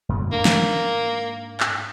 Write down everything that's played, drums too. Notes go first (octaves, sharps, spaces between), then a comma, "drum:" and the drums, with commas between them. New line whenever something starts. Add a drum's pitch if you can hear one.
F#2 B2 D3
G#2 A#3 D4
drum: snare
drum: clap